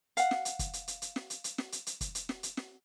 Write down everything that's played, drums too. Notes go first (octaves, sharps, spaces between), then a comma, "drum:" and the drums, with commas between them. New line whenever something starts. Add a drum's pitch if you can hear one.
F5 F#5, drum: hi-hat
drum: snare
drum: hi-hat
drum: kick, hi-hat
drum: hi-hat
drum: hi-hat
drum: hi-hat
drum: snare
drum: hi-hat
drum: hi-hat
drum: snare
drum: hi-hat
drum: hi-hat
drum: kick, hi-hat
drum: hi-hat
drum: snare
drum: hi-hat
drum: snare